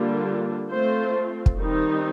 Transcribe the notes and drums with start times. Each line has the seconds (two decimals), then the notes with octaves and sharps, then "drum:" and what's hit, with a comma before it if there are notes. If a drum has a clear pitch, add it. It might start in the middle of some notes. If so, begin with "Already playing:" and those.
Already playing: D3 G3 A#3 D4 F4
0.69 A3 C4 F4 C5
1.46 drum: kick
1.57 D#3 G3 C4 D#4